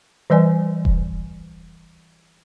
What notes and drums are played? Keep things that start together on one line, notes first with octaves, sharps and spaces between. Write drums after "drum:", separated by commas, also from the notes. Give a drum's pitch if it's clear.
E3 G3 B4 D5 G#5
drum: kick E1